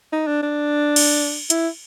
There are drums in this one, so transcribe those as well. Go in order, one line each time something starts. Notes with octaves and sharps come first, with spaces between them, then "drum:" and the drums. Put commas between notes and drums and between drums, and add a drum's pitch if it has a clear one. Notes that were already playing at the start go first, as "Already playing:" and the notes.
D#4
D4
D4
drum: cymbal
E4, drum: hi-hat